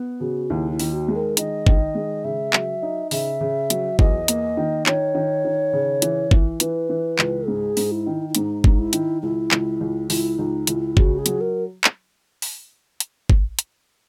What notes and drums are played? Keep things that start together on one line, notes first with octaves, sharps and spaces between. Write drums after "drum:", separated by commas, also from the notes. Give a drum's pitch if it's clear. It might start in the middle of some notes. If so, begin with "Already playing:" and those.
Already playing: B3
C#3 F#4
D#2 E4
E4
D#3, drum: open hi-hat
F#4
G#3
A#4
D#3 D#5, drum: hi-hat
D#3, drum: kick
G#3
C#3 E5
F#3, drum: clap
D#4
C#3 E5, drum: open hi-hat
C#3
F#3, drum: hi-hat
E2 D#5, drum: kick
A#3, drum: hi-hat
D#3
D#3 C#5, drum: clap
D#3
D#3
C#3
E3, drum: hi-hat
E3, drum: kick
E3 B4, drum: hi-hat
E3
C#2, drum: clap
G#2 G#4
G#2, drum: open hi-hat
E4
D#3
E4
G#2 D#4, drum: hi-hat
G#2, drum: kick
E4
D#3, drum: hi-hat
C#2 E4
C#2, drum: clap
C#2
C#2 E4, drum: open hi-hat
C#2 D#4
C#2 E4, drum: hi-hat
C#3 F#4, drum: kick
G#4
F#3, drum: hi-hat
A#4
drum: clap
drum: open hi-hat
drum: hi-hat
drum: kick
drum: hi-hat